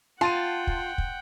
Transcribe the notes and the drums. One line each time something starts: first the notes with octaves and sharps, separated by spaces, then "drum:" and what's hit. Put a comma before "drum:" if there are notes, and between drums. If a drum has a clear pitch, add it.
F4 F#5 G5 A5 C6 A6 D#7
drum: kick
drum: kick